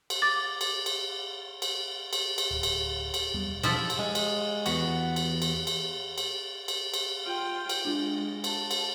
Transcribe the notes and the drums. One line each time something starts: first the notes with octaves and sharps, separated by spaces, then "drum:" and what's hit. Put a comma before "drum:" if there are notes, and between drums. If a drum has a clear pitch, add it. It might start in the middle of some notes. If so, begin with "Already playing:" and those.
drum: cymbal
D6 A6
drum: cymbal
drum: cymbal
drum: cymbal
drum: cymbal
drum: cymbal
D1
drum: cymbal
drum: cymbal
E2 G3 B3
E1
B2 E3 F3 C#4 E4 A4, drum: cymbal
drum: cymbal
G#3
drum: cymbal
E2 B3 F#4, drum: cymbal
drum: cymbal
drum: cymbal
drum: cymbal
drum: cymbal
drum: cymbal
drum: cymbal
F4 G5
drum: cymbal
G#3 D4 F4
A5, drum: cymbal
drum: cymbal